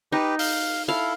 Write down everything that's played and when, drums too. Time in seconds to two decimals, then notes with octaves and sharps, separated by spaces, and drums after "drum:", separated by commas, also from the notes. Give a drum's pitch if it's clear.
0.12 D#4 G4 B4
0.39 F5, drum: open hi-hat
0.88 E4 A4 F5